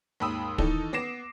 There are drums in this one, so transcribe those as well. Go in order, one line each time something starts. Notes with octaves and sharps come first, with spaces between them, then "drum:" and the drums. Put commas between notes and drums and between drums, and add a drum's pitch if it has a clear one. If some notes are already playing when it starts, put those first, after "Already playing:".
D#2 G#2 B5 D#6 E6
D#3 E3 D#4 A4, drum: kick
B3 D6 A#6 C7 E7